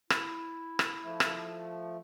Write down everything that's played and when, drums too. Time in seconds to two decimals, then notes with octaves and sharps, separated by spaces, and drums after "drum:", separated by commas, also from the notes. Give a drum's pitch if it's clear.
0.10 E4, drum: rim click
0.79 drum: rim click
1.04 F3 A3
1.20 drum: rim click